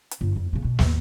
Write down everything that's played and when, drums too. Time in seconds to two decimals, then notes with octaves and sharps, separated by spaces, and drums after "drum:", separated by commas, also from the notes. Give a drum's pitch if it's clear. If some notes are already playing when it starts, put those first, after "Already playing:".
0.11 drum: hi-hat
0.21 G1
0.36 F2
0.53 C#3 B3
0.65 B2
0.79 G#1 D#2, drum: snare